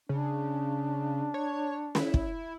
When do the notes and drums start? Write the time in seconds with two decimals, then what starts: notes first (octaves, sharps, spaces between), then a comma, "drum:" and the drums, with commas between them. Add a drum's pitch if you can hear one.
0.09 C#3 D4
1.34 C#5
1.95 E4, drum: snare
2.14 drum: kick